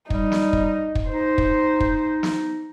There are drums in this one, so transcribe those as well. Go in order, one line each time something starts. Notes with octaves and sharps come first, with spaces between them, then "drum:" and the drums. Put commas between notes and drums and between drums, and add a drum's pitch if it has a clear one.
G3 D#4, drum: kick
drum: snare
drum: kick
drum: kick
D#4 C5
drum: kick
drum: kick
drum: snare